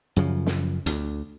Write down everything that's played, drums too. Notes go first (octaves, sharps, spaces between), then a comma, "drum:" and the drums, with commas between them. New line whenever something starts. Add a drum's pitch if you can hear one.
F#2 C#3 F3
drum: snare
D2, drum: hi-hat